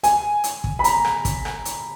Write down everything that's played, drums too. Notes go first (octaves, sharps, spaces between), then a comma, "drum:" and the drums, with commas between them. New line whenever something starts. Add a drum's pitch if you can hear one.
G#5, drum: hi-hat
drum: hi-hat
drum: kick
B5
A#5, drum: hi-hat
drum: rim click
drum: kick, hi-hat
drum: rim click
drum: hi-hat